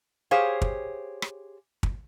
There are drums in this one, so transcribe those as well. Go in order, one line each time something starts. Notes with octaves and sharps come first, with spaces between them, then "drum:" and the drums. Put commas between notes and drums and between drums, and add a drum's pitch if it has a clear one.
G4 G#4 C5 C#5 F5
drum: kick
drum: rim click
drum: kick